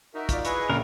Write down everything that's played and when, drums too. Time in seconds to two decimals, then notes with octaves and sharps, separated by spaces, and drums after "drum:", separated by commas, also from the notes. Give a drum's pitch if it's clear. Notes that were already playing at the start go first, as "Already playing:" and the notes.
0.15 D#4 F#4 A#4 E5
0.29 F4 D5, drum: kick, hi-hat
0.45 E4 G#4 B4 D#5 C#6, drum: hi-hat
0.70 A#1 C#3 A#3 A#4 G5